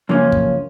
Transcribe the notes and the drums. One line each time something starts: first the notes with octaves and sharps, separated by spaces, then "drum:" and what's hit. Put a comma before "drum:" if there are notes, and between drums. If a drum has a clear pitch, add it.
F#2 C#3 F3 A#3 C#4
drum: kick